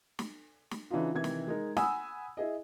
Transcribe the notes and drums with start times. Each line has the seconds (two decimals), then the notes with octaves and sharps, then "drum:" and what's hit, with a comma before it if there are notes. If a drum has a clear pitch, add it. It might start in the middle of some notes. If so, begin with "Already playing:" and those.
0.19 drum: snare
0.71 drum: snare
0.90 C#3 E3 D4 D#4 F4
1.14 C3 D#3 E3 G#6
1.24 drum: snare
1.47 G#3 D#4 A#4
1.77 F#5 G#5 B5 D#6 E6, drum: snare
2.37 E4 G#4 D#5